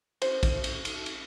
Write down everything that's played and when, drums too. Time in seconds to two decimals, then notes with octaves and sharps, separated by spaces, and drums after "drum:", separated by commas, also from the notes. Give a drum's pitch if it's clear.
0.22 C5, drum: cymbal
0.43 drum: kick, cymbal
0.64 drum: cymbal
0.85 drum: cymbal
1.06 drum: cymbal